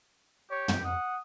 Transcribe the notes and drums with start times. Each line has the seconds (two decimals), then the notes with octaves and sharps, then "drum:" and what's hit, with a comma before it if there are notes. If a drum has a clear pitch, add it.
0.50 G4 C#5
0.68 drum: tom
0.84 F#5 D#6